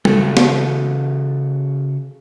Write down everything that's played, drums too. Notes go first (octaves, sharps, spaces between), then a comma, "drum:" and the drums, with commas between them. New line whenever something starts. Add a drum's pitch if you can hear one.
C#3 F#4 A4, drum: tom G3
drum: snare